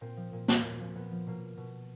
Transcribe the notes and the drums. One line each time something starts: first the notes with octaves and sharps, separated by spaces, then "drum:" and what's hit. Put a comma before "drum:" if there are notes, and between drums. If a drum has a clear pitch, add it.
A#2 C4
F3
A#2
F3, drum: snare
A#2
F3
A#2 B3
F3
B2 A#3
B2